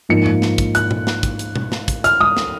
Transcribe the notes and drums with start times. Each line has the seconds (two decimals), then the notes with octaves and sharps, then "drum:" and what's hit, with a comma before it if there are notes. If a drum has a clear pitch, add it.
0.09 G#2 F3 A#3 D#4 C#7
0.26 drum: tom F#2
0.42 drum: snare
0.58 drum: kick, hi-hat
0.75 F#6, drum: hi-hat
0.91 drum: tom
1.07 drum: snare
1.23 drum: kick, hi-hat
1.39 drum: hi-hat
1.56 drum: tom B2
1.72 drum: snare
1.88 drum: kick, hi-hat
2.04 F6, drum: hi-hat
2.21 D#6, drum: tom G#3
2.37 drum: snare